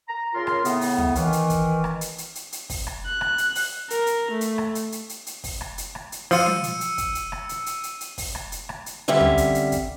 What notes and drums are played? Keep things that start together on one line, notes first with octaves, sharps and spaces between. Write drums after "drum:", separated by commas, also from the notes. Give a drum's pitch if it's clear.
A#5
C#3 F4 A#4 C6
drum: rim click
A2 C#3 B3, drum: hi-hat
drum: open hi-hat
drum: tom
D#3 E3, drum: hi-hat
drum: hi-hat
drum: kick, hi-hat
drum: rim click
drum: hi-hat
drum: hi-hat
drum: hi-hat
drum: hi-hat
drum: kick, open hi-hat
drum: rim click
F#6
drum: rim click
drum: hi-hat
drum: open hi-hat
A#4, drum: hi-hat
drum: hi-hat
A3
drum: hi-hat
drum: rim click
drum: hi-hat
drum: hi-hat
drum: hi-hat
drum: hi-hat
drum: kick, open hi-hat
drum: rim click
drum: hi-hat
drum: rim click
drum: hi-hat
F3 F4 E6 C#7 D#7, drum: open hi-hat
drum: tom
drum: hi-hat
drum: hi-hat
drum: kick, hi-hat
drum: hi-hat
drum: rim click
drum: hi-hat
drum: hi-hat
drum: hi-hat
drum: hi-hat
drum: kick, open hi-hat
drum: rim click
drum: hi-hat
drum: rim click
drum: hi-hat
D3 G3 C4 C#4 E5
drum: tom
drum: hi-hat
drum: hi-hat
drum: kick, hi-hat